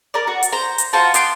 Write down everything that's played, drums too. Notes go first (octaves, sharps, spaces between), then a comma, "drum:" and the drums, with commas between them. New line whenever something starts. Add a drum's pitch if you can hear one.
A#4 D5
F#4
drum: hi-hat
C5 A#5
drum: hi-hat
F4 F#4 C5 A5
B3 G5 C6 D6, drum: hi-hat